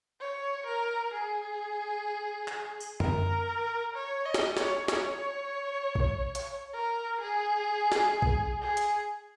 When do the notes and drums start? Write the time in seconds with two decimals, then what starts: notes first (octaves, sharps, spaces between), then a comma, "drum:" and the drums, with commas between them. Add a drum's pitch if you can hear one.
0.21 C#5
0.66 A#4
1.14 G#4
2.48 drum: clap
2.80 drum: tambourine
3.00 A#4, drum: tom F#2
3.95 C#5
4.25 D#5
4.34 drum: snare
4.57 C#5, drum: snare
4.88 C#5, drum: snare
5.95 drum: kick A#1
6.35 drum: hi-hat
6.74 A#4
7.21 G#4
7.92 drum: snare
8.22 drum: kick A#1
8.62 G#4
8.77 drum: hi-hat